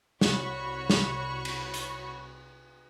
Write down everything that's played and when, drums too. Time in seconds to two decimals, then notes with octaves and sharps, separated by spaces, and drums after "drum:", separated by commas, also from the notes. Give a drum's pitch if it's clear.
0.21 C2 F#4 C#5 B5 C#6, drum: snare
0.90 drum: snare
1.45 drum: cymbal
1.74 drum: hi-hat